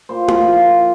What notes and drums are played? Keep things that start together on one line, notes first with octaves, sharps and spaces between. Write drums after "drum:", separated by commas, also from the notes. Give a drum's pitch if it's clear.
A#2 C5
F3, drum: tom E4
F3
A#2